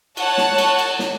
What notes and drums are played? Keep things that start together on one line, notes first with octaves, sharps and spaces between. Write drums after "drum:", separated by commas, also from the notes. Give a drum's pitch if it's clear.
C#5 F#5 A5, drum: cymbal
drum: snare
drum: cymbal
drum: cymbal
drum: snare